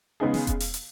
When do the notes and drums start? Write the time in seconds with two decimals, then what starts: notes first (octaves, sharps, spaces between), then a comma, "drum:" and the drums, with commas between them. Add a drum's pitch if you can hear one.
0.20 C#3 G#3 B3 D#4 G#4
0.34 drum: snare
0.47 drum: kick E1, hi-hat
0.60 drum: open hi-hat
0.74 drum: hi-hat